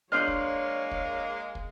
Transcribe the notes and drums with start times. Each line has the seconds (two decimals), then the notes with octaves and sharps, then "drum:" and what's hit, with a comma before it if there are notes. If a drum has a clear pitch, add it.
0.12 G#3 A#3 D4 C5 C#5 D#5 F6 F#6
0.28 drum: kick
0.91 drum: kick
1.55 drum: kick